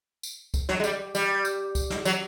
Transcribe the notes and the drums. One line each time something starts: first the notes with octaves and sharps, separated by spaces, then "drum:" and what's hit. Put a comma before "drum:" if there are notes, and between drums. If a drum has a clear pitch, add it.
drum: tambourine
drum: kick, tambourine
F#3, drum: snare
G#3
G3, drum: tambourine
G3, drum: tambourine
drum: tambourine
drum: kick, tambourine
drum: snare
F#3, drum: tambourine